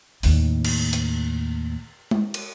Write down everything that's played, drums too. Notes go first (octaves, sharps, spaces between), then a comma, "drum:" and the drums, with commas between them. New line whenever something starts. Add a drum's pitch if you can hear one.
D#2 A2, drum: open hi-hat
drum: cymbal
drum: hi-hat
drum: tom G#3
drum: cymbal